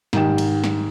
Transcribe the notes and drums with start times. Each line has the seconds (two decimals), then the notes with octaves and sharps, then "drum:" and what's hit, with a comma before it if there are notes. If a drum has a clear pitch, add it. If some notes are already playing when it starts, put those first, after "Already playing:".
0.13 G#2 D#3 G4 G5 E7, drum: snare
0.38 drum: cymbal
0.64 drum: snare